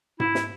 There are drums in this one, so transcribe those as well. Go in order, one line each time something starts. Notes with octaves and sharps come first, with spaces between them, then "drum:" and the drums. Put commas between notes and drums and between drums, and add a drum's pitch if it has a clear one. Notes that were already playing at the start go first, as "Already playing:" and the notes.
E4, drum: tom G#2
drum: snare